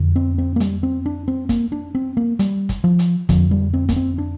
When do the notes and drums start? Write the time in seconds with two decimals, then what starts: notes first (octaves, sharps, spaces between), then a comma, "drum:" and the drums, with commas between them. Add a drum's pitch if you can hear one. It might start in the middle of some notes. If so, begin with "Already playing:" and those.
Already playing: F2 D3
0.16 C4
0.38 C4
0.56 A#3
0.60 G3, drum: hi-hat
0.83 C4
1.06 D4
1.28 C4
1.49 A#3, drum: kick, hi-hat
1.72 D4
1.95 C4
2.17 A#3
2.39 G3, drum: hi-hat
2.69 drum: kick, hi-hat
2.84 F3
2.99 drum: hi-hat
3.29 F2 D3 F3, drum: kick, hi-hat
3.51 G3
3.74 C4
3.89 A#3, drum: kick, hi-hat
3.96 C4
4.18 D4